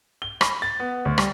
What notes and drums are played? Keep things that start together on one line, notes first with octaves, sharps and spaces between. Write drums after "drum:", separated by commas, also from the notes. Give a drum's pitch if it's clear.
G7
B5, drum: rim click
A6
B3
D2
G3, drum: rim click